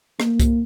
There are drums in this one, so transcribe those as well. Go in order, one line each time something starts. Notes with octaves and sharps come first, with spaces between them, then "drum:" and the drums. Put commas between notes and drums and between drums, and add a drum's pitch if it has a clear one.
A#3, drum: rim click
drum: kick C2, hi-hat